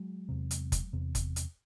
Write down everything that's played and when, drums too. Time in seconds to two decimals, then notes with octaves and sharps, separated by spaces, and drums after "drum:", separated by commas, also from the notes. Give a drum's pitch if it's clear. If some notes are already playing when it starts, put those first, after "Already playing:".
Already playing: F#3 G#3
0.29 E2 C3
0.51 drum: hi-hat
0.72 drum: kick F1, hi-hat
0.93 E2 C3
1.15 drum: kick F1, hi-hat
1.36 drum: hi-hat